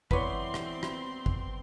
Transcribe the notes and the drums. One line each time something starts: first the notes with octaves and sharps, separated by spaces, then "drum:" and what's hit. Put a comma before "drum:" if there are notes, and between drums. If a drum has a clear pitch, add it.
E3 B3 C4 B4 C#5 D5 C6, drum: kick
drum: rim click
drum: rim click
drum: kick